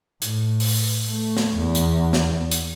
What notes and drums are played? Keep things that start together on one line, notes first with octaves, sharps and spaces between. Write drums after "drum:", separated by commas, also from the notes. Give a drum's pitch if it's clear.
A2, drum: hi-hat
drum: open hi-hat
A3
drum: snare
E2
drum: hi-hat
drum: snare
drum: hi-hat